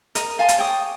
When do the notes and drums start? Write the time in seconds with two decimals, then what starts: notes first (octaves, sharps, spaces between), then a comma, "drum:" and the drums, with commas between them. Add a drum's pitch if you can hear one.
0.15 A#4 D#5, drum: hi-hat
0.39 F5 G#5 A5 C6
0.49 drum: hi-hat
0.58 C#5 G5 D6 D#6